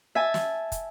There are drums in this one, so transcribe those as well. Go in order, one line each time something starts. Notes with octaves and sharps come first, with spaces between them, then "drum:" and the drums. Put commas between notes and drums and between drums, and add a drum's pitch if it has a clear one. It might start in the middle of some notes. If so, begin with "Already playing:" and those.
E5 G#5 A5
drum: snare
drum: kick, hi-hat